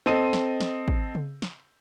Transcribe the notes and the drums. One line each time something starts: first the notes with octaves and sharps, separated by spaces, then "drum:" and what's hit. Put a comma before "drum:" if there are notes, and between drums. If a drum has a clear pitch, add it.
C4 A4 D#5 D#7
drum: snare
drum: snare
drum: kick
drum: tom C#3
drum: snare